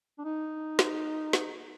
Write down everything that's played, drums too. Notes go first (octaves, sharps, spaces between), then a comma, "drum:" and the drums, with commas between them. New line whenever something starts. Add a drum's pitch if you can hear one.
D4
D#4
drum: snare
drum: snare